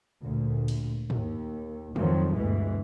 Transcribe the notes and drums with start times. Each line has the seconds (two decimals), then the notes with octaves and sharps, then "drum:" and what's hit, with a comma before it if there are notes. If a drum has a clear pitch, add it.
0.22 D2 A#2
0.68 drum: cymbal
1.10 D#2, drum: tom
1.96 F2 G#2 D#3 F3 F#3, drum: tom
2.34 G1 D2 B2 E3 G#3